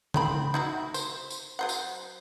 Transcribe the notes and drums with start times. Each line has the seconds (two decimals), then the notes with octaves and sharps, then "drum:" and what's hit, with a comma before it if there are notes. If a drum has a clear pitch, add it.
0.14 C#3 C4 B5, drum: tom C#3
0.54 D#4 E4 F#4
0.94 C5, drum: tambourine
1.31 drum: tambourine
1.59 F#3 C5 F#5
1.69 drum: tambourine